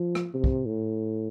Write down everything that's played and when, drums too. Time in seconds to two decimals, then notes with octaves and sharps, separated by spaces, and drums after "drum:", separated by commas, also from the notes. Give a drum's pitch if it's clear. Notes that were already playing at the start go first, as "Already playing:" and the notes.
Already playing: F3
0.15 drum: rim click
0.34 C3
0.44 drum: kick
0.66 A2